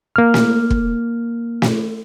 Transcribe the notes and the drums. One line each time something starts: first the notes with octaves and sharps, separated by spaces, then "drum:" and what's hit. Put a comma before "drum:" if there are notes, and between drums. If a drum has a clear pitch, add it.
A#3 F6
drum: snare
drum: kick
drum: snare